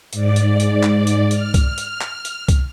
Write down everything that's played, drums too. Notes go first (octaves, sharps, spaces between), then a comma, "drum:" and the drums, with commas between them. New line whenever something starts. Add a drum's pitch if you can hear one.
G#2 D5, drum: hi-hat
drum: hi-hat
drum: hi-hat
drum: clap
drum: hi-hat
F6, drum: hi-hat
drum: kick C2, hi-hat
drum: hi-hat
drum: clap
drum: hi-hat
drum: kick C2, hi-hat